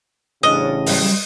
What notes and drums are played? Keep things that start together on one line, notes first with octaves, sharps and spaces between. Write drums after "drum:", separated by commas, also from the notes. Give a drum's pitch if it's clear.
A1 A2 C#3 C#4 D4 D#5
F#3 G3 F5, drum: open hi-hat